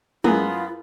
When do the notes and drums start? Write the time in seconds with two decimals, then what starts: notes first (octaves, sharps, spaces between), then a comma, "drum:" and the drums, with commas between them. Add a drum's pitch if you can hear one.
0.24 F#2 B3 E4 F4 G#4 A#4, drum: tom